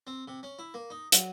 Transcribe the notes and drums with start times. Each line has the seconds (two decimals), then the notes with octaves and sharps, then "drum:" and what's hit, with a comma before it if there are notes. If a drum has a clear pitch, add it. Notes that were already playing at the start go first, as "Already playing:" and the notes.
0.07 C4
0.28 C3
0.43 C#4
0.59 E4
0.74 A#3
0.90 D#4
1.12 F#3, drum: hi-hat